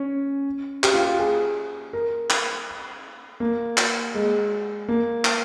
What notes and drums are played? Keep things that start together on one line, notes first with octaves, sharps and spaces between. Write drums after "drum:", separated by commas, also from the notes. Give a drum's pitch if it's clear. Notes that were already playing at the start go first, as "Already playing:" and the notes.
Already playing: C#4
G4, drum: clap
F4
G4
G#4
A#4
drum: clap
A#3
drum: clap
G#3
A#3
drum: clap